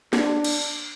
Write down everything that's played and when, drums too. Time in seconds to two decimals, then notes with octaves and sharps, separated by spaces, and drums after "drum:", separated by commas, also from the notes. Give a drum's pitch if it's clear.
0.13 D4, drum: snare
0.44 drum: cymbal